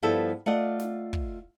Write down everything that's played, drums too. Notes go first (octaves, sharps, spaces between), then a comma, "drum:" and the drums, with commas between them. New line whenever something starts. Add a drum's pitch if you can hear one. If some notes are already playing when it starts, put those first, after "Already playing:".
G2 F3 G3 B3 E4 A4
A3 F4 D5 D#5 F#5
drum: snare
drum: kick